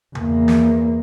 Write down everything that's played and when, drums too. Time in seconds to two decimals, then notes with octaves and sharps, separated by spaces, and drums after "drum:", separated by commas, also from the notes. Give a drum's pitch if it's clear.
0.15 E2 A#3, drum: tom C#3
0.48 drum: snare